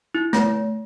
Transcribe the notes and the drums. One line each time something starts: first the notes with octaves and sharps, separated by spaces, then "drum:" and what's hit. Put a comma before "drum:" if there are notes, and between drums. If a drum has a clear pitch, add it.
E4
A3, drum: snare